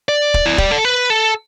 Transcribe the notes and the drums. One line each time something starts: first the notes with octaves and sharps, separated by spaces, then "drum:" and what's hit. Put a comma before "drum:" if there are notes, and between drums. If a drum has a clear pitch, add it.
D5
drum: kick
E4
G4, drum: kick
A4
B4
A4